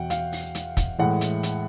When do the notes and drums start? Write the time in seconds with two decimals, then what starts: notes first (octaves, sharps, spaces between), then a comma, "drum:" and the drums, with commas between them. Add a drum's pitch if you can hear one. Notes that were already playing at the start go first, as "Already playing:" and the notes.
Already playing: E2 B2 F#5 G5
0.10 F5, drum: hi-hat
0.33 drum: open hi-hat
0.55 drum: hi-hat
0.77 drum: kick, hi-hat
0.98 A2 E3 G#3 F#5
1.21 drum: hi-hat
1.43 drum: hi-hat